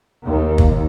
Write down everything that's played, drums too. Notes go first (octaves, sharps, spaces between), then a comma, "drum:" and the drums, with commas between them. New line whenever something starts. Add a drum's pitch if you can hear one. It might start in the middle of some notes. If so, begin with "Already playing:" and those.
D#2
drum: kick